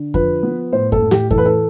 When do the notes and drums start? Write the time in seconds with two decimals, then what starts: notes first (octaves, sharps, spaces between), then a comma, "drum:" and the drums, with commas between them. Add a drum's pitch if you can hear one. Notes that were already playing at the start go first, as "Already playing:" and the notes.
Already playing: D3
0.14 F3 B4, drum: kick F2
0.43 B3
0.73 A2 C5
0.92 A4, drum: kick F2
1.02 A2
1.11 G4, drum: snare
1.31 E3 A4, drum: kick F2
1.38 B4
1.45 A4